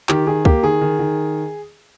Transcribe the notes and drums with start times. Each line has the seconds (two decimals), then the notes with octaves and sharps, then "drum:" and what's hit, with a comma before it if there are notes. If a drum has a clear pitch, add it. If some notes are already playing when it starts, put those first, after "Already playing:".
0.09 D#3 G4, drum: clap
0.27 D#3 G#4
0.45 A#3 G4, drum: kick C#2
0.63 D#3 G#4
0.81 D#3
0.99 D#3